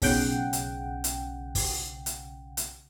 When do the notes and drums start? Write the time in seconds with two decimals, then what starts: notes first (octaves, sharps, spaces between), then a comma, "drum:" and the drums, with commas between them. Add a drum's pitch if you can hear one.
0.02 B1 C#3 F#5 G5, drum: kick, open hi-hat
0.53 drum: hi-hat
1.04 drum: hi-hat
1.55 drum: kick, open hi-hat
2.06 drum: hi-hat
2.57 drum: hi-hat